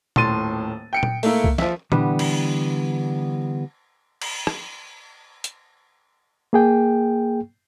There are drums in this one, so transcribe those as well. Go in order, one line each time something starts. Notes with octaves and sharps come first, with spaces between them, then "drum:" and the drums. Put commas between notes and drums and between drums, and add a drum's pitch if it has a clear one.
D#1 A2 C6 A6 D#7, drum: tom A#2
G5 C#7 D7
drum: tom A#2
A3 A#3 E4, drum: open hi-hat
drum: kick C2
F3 E5, drum: snare
D3 E3 G3 B3 D4, drum: tom A#2
drum: cymbal
drum: cymbal
drum: rim click
drum: hi-hat
A#3 G#4 G5